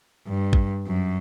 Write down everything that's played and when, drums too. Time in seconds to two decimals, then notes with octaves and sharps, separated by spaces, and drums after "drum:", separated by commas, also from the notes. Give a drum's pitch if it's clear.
0.27 G2
0.53 drum: kick A1
0.87 F#2